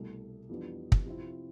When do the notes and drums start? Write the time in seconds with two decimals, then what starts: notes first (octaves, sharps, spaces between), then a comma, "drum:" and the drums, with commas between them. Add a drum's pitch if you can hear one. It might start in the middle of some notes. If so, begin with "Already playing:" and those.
Already playing: C2 B2 A3
0.49 F2 E3 G3 B3 D4
0.92 drum: kick
1.05 C3 F3 C4 E4